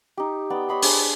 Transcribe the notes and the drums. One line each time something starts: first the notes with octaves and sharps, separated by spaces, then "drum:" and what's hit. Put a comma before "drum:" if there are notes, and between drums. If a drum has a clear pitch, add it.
D#4 G4
B3 D5 G5
C#5 D#5 B5 C6
D4 G#4 C6, drum: open hi-hat